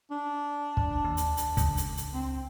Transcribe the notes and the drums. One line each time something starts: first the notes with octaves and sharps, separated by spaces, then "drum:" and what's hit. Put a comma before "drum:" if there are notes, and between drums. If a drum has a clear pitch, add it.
D4
drum: kick
D#2
drum: hi-hat
drum: hi-hat
C#2, drum: kick, hi-hat
drum: hi-hat
drum: hi-hat
C4